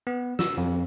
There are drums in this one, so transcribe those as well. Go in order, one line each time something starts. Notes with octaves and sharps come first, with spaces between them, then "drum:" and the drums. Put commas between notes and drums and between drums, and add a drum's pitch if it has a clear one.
B3
E6, drum: snare
F2